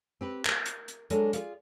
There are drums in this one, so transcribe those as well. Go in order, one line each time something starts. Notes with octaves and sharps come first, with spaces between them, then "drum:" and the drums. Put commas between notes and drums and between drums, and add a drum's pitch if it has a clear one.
C4 G4 B4
A#4, drum: clap A6
drum: hi-hat
drum: hi-hat
F#3 G#3 D4 A4 A#4, drum: hi-hat
F4 G#4 A4 C5 D5 F5, drum: hi-hat